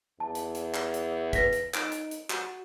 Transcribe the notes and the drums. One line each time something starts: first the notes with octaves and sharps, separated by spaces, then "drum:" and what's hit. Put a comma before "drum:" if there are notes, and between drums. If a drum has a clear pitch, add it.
E2 A5
drum: hi-hat
drum: hi-hat
drum: clap
drum: hi-hat
B4 A#6 B6, drum: kick, hi-hat
drum: hi-hat
D#4 D7, drum: clap
drum: hi-hat
drum: hi-hat
F#4, drum: clap